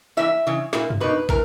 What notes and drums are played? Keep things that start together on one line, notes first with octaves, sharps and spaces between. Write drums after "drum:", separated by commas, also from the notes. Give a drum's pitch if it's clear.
E3 A#3 E4 E5
C#3 E3
A#2 A#3 E4, drum: snare
drum: tom
B2 A#3 D#4 B4
E3 A#4, drum: kick